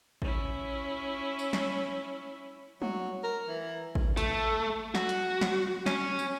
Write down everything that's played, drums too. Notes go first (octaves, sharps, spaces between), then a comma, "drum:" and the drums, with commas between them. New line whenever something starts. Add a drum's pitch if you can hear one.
C#4 E4, drum: kick A1
drum: tambourine
drum: snare
F#3, drum: tom
A#4
E3
drum: kick A1
A3, drum: hi-hat
F#4, drum: snare
drum: hi-hat
drum: snare
C#4, drum: snare
drum: tambourine